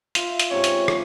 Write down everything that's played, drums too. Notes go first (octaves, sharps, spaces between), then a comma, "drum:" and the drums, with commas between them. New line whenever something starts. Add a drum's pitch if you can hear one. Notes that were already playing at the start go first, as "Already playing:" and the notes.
F4 E5 F5, drum: hi-hat
drum: hi-hat
G#2 C3 C#4 C#5
drum: hi-hat
drum: rim click